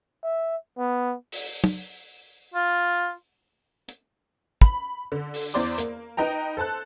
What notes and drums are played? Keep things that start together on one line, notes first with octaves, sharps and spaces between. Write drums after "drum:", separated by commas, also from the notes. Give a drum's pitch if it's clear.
E5
B3
drum: open hi-hat
drum: tom
F4
drum: hi-hat
B5, drum: kick
D3
drum: open hi-hat
E2 C5 D5 C6 D6
A#3, drum: hi-hat
D#4 B4 D#5 G5 A#5
A4 C5 A5 F#6